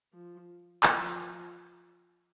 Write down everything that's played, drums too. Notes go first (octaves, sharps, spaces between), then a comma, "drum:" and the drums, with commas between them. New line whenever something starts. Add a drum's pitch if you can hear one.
F3
drum: clap
F3